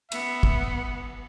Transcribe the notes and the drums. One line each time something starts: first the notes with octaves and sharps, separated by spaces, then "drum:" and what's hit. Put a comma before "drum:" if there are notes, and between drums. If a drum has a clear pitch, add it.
B3 E5, drum: cymbal
drum: kick